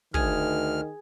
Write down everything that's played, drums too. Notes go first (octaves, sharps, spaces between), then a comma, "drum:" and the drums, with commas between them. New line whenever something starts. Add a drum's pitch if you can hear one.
D2 D#3 G#4 F6, drum: kick